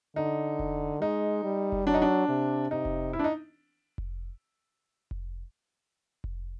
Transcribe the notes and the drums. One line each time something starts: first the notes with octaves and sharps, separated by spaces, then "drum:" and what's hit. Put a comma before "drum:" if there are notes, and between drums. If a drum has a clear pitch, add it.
D3 D#4
drum: kick F1
G#3 D#4
G3
drum: kick F1
F#3 D4
D#4
D4
C3
C3 D#4
drum: kick F1
E4
D4
D#4
drum: kick F1
drum: kick F1
drum: kick F1